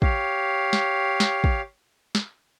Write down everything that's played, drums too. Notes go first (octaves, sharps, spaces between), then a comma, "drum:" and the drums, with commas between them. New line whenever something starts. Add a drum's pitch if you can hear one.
G4 C#5 F5, drum: kick
drum: snare
drum: snare
drum: kick
drum: snare